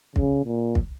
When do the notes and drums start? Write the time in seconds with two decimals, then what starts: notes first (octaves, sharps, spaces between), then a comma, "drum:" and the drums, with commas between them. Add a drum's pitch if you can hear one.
0.16 C#3, drum: kick
0.45 A#2
0.75 drum: kick